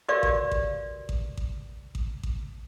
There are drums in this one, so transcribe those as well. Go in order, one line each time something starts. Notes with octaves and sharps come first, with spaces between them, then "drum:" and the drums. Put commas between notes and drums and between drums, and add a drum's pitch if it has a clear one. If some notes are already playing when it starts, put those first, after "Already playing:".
F#4 G4 A#4 B4 D5 F5
drum: kick A1
drum: kick A1
drum: kick A1
drum: kick A1
drum: kick A1
drum: kick A1